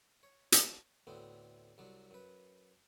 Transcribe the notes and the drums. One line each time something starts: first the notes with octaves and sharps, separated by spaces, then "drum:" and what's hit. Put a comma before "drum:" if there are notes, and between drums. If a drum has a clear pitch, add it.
C#5
drum: hi-hat
D2 A2 B3 C4 D4
C2 F#3 D4
F#2 B4